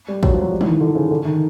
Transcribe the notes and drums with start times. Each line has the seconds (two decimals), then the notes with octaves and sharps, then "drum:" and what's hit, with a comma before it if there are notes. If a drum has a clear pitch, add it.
0.08 G3
0.23 F#3, drum: kick
0.33 F3
0.41 F#3
0.52 G3
0.61 E3, drum: tom
0.66 D#3
0.81 D3
0.95 C#3
1.11 D3
1.25 D#3